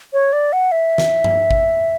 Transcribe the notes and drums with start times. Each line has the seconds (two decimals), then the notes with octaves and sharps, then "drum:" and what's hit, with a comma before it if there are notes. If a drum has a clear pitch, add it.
0.13 C#5
0.33 D5
0.53 F#5
0.72 E5
0.98 drum: snare
1.24 drum: tom G2
1.51 drum: kick G#1